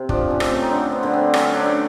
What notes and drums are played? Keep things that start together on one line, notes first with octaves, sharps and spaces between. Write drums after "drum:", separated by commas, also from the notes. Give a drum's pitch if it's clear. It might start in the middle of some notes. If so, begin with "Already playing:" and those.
Already playing: C3
F3 D4, drum: kick
C#4
A3, drum: rim click
C4
D#4
D3 D4
B3
D3
C4
F#3 C#4, drum: rim click
D4
A3